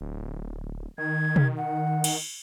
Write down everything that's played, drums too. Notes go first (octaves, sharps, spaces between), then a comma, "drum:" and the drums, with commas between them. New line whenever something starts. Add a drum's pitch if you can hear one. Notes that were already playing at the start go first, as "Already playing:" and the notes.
D1
D#3 G#6
drum: tom
F#5
drum: cymbal